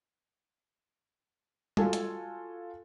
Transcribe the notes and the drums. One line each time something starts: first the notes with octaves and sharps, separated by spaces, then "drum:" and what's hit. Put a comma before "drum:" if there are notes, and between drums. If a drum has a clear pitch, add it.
F4 F#4 A4 G#5, drum: tom G3
drum: hi-hat